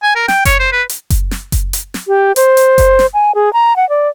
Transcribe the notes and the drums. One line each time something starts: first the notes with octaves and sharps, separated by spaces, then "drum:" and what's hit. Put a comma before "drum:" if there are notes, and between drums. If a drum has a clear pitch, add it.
G#5
A#4
G5, drum: snare
C#5, drum: kick F#1, hi-hat
C5
B4
drum: hi-hat
drum: kick F#1, hi-hat
drum: snare
drum: kick F#1, hi-hat
drum: hi-hat
drum: snare
G4
C5, drum: hi-hat
drum: hi-hat
drum: kick F#1, hi-hat
drum: snare
G#5
G#4
A#5
F#5
D5